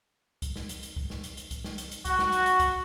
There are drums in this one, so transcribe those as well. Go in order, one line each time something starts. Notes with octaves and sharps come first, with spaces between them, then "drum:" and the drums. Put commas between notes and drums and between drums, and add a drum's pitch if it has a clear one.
drum: kick C2, hi-hat
drum: snare
drum: hi-hat
drum: hi-hat
drum: kick C2
drum: snare
drum: hi-hat
drum: hi-hat
drum: kick C2, hi-hat
drum: snare
drum: hi-hat
drum: hi-hat
F#4, drum: kick C2, hi-hat
drum: snare
drum: hi-hat
drum: hi-hat
drum: kick C2, hi-hat